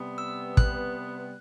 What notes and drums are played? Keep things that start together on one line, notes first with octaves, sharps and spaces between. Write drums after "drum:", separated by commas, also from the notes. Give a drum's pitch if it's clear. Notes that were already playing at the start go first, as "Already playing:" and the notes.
Already playing: C3 G3 B3
E6
F#6, drum: kick